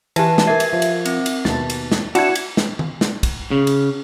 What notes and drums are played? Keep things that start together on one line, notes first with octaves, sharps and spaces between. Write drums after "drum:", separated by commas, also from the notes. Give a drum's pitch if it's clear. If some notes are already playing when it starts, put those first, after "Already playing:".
E3 G4 B4 G#5 A5, drum: cymbal
drum: snare
A#4 E5 G#6 C7
drum: cymbal
F3
drum: cymbal
C4, drum: cymbal
drum: cymbal
D#2 B2 A5 A6, drum: snare
drum: cymbal
drum: snare
D4 E4 F#4 G#6 C#7 E7, drum: cymbal
drum: cymbal
drum: snare
drum: tom D#3
drum: snare
drum: kick, cymbal
C#3
drum: cymbal